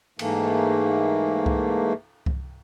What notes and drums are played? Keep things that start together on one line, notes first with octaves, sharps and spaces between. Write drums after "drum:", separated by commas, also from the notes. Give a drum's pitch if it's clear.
G#2 E3 A3 A#3, drum: cymbal
drum: kick C2
drum: kick C2